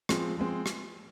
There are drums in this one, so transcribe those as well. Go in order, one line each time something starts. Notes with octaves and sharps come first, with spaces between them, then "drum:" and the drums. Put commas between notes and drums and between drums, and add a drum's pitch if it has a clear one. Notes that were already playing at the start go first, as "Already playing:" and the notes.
F3 G#3 C4, drum: rim click
F3 G#3 C4
drum: rim click